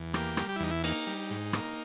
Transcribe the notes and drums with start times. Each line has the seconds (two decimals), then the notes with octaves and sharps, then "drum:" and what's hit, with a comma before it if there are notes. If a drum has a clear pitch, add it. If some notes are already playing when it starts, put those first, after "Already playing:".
Already playing: E2
0.14 A#3 G4, drum: rim click
0.37 G3, drum: rim click
0.49 G4
0.56 E4
0.60 E2 D#4
0.71 E4
0.84 A#3 D#4, drum: cymbal
1.07 G3
1.30 G#2
1.53 A#3, drum: rim click